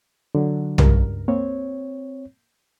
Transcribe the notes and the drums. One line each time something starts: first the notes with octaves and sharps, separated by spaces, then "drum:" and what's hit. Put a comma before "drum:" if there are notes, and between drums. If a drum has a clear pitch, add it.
D3 F#3
C#2 G2 A#4, drum: tom B1
A#3 C4 C#5